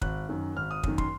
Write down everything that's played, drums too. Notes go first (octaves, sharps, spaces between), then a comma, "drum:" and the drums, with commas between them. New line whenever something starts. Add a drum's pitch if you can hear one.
G#1 F#6, drum: kick
F#2 D#3
G#1 F6
D#6
F#2 D#3, drum: kick
C6, drum: kick